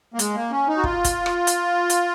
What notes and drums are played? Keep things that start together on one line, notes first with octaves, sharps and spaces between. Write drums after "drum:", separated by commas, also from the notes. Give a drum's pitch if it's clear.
A#3
G#3, drum: hi-hat
A#3
C#4
D#4
F#4
F4, drum: kick
drum: kick, hi-hat
drum: rim click
drum: hi-hat
drum: hi-hat